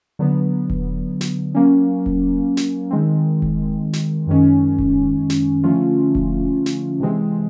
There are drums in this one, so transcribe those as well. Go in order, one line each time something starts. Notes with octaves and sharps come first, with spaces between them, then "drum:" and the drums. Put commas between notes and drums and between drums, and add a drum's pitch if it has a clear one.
D3 F#3 B3
drum: kick E1
drum: snare
F#3 A#3 C#4
drum: kick E1
drum: snare
D#3 G#3 C4
drum: kick E1
drum: snare
F#2 D#3 G#3 C#4
drum: kick E1
drum: snare
D3 F3 A3 C#4 F4
drum: kick E1
drum: snare
C3 E3 G#3 C4